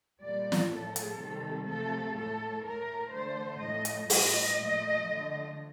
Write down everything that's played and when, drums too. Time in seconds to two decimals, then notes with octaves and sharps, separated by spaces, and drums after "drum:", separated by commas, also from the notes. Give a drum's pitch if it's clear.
0.21 A#2 G3 D5
0.52 drum: snare
0.71 A2 F3 A3 A4
0.96 drum: hi-hat
1.19 C3 D#3 G3
1.67 C3 F3 A3 A4
2.16 A2 A3 A4
2.64 A2 A3 A#4
3.13 D3 A3 C5
3.62 A2 F3 A3 D#5
3.85 drum: hi-hat
4.10 A2 G3 D#5, drum: open hi-hat
4.59 A#2 F3 A3
5.08 D3 F3 A3